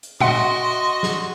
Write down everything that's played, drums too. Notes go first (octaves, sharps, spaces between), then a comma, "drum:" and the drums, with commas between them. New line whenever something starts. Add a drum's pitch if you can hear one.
drum: hi-hat
F#4 D#5 E5 F#5 C6, drum: tom A#2
drum: snare